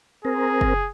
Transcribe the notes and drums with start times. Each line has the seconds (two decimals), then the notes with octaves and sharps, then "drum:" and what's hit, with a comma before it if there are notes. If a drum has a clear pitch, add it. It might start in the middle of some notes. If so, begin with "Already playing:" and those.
0.25 C4 G#4 A#4
0.61 drum: kick F#1